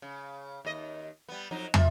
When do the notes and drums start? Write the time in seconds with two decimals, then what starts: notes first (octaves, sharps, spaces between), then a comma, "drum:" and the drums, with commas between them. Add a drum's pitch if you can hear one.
0.02 C#3
0.65 D#2 D#5
1.29 G3 B3
1.51 F2 F#3 D#4
1.74 F4 E5, drum: tom